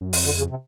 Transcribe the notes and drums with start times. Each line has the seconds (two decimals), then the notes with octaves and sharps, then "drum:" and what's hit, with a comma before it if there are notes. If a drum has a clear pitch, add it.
0.01 F#2
0.13 F2, drum: open hi-hat
0.25 D3
0.38 C#3
0.50 C3